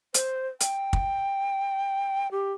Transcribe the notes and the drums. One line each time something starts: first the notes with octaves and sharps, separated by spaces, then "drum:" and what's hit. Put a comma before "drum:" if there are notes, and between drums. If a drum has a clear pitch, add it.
C5, drum: hi-hat
G5, drum: hi-hat
drum: kick
G4